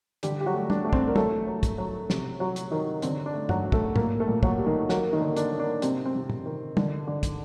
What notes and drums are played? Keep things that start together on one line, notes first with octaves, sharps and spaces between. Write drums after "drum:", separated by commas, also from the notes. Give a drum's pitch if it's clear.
D3 G3 G4, drum: hi-hat
G4
F#3 F#4
A3
D4, drum: tom
A3 D4
C4, drum: kick
A#4
F#3 A3 A4, drum: tom
F#3
drum: kick, hi-hat
F#3
C3, drum: snare
F#3 F#4
drum: hi-hat
D#3 F#3 D#4
D3 C4, drum: hi-hat
D4
A3
F#3 F#4, drum: tom
F#3
A3 A4, drum: kick
A#2 A#3 A#4, drum: tom
A3 A4
A#2
F#3 F#4, drum: kick
G3
D#3 D#4
F#3 A#3 F#4, drum: snare
D#3 D#4
D3
D4, drum: hi-hat
A#3
D4
C3 C4, drum: hi-hat
C4
C3
drum: tom
D#3
D3, drum: tom
D3
drum: kick, hi-hat